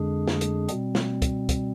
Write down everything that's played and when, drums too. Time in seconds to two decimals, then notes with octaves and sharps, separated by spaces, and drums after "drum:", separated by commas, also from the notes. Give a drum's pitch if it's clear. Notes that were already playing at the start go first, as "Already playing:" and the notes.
Already playing: F2 D3 G#3 D4 G#4
0.28 drum: snare
0.41 drum: hi-hat
0.69 B2 G3 C4, drum: hi-hat
0.95 drum: snare
1.22 drum: kick, hi-hat
1.49 drum: kick, hi-hat